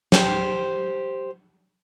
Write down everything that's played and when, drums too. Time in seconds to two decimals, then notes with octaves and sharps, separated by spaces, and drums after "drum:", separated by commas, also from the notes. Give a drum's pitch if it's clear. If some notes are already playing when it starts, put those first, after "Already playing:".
0.12 G4 C5, drum: snare